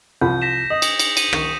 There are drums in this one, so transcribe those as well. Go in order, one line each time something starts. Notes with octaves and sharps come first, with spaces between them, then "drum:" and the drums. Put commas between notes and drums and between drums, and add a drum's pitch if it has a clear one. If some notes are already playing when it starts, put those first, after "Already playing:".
C2 F3 B5 G6
A#6 B6 E7
D#5 D#6
drum: cymbal
drum: cymbal
D#7, drum: cymbal
D#3 C#6, drum: rim click